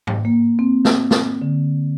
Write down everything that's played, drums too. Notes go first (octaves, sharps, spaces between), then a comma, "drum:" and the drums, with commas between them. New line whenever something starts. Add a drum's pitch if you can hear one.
drum: tom G#2
A#3
C4
drum: snare
drum: snare
D3